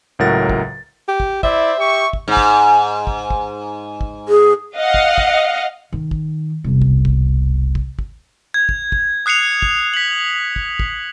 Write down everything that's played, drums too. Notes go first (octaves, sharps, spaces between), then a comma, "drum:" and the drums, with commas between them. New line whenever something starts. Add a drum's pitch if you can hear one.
C#2 A2 F#3 A#4 F#5 A6
drum: kick
G4
drum: kick
E4 C5 D5 E5, drum: kick
G4 C#6
drum: kick
G#2
drum: kick
drum: kick
drum: kick
drum: kick
G#4
D#5 F5 F#5
drum: kick
drum: kick
D#3
drum: kick
E1 C2
drum: kick
drum: kick
drum: kick
drum: kick
G#6
drum: kick
drum: kick
D#6 F#6 C7 C#7 F7
drum: kick
B6 F#7
drum: kick
drum: kick